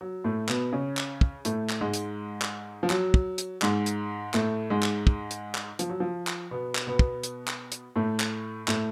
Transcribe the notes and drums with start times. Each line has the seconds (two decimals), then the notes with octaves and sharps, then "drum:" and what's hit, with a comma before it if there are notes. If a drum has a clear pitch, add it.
0.01 F#3
0.24 A2 A3
0.49 B2 B3, drum: clap
0.73 C#3 C#4
0.97 drum: clap
1.21 drum: kick
1.45 A2 A3, drum: hi-hat
1.69 drum: clap
1.81 G#2 G#3
1.94 drum: hi-hat
2.42 drum: clap
2.83 F3
2.90 F#3, drum: clap
3.14 drum: kick
3.38 drum: hi-hat
3.62 G#2 G#3, drum: clap
3.86 drum: hi-hat
4.34 A2 A3, drum: clap
4.70 G#2 G#3
4.83 drum: clap
5.07 drum: kick
5.31 drum: hi-hat
5.55 drum: clap
5.79 F3, drum: hi-hat
5.90 F#3
6.00 F3
6.27 drum: clap
6.51 B2 B3
6.75 drum: clap
6.87 B2 B3
6.99 drum: kick
7.23 drum: hi-hat
7.48 drum: clap
7.72 drum: hi-hat
7.96 A2 A3
8.20 drum: clap
8.68 A2 A3, drum: clap